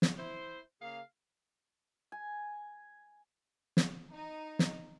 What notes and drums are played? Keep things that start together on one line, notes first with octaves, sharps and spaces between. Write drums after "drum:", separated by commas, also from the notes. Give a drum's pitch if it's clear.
drum: snare
E4 C5
C#3 A#3 G#4 F5
G#5
drum: snare
D#4
drum: snare